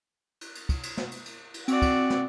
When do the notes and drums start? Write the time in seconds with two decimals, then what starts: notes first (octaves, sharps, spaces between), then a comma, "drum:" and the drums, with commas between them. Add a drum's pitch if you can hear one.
0.41 drum: cymbal
0.55 drum: cymbal
0.69 drum: kick, cymbal
0.83 drum: cymbal
0.97 drum: snare
1.11 drum: cymbal
1.26 drum: cymbal
1.54 drum: cymbal
1.68 C4 F#4 D5, drum: cymbal
1.82 drum: kick, cymbal
2.10 drum: snare